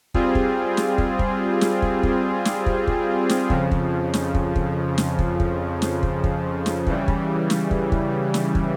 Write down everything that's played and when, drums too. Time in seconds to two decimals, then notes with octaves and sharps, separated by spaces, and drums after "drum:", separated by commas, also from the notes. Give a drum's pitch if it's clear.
0.14 G3 C4 F4 G#4, drum: kick
0.35 drum: kick
0.77 drum: snare
0.98 drum: kick
1.19 drum: kick
1.61 drum: snare
1.82 drum: kick
2.03 drum: kick
2.45 drum: snare
2.66 drum: kick
2.87 drum: kick
3.29 drum: snare
3.50 F2 C#3 F3, drum: kick
3.71 drum: kick
4.14 drum: snare
4.35 drum: kick
4.56 drum: kick
4.98 drum: snare
5.19 drum: kick
5.40 drum: kick
5.82 drum: snare
6.03 drum: kick
6.24 drum: kick
6.66 drum: snare
6.87 C#3 E3 G3, drum: kick
7.08 drum: kick
7.50 drum: snare
7.71 drum: kick
7.92 drum: kick
8.34 drum: snare
8.55 drum: kick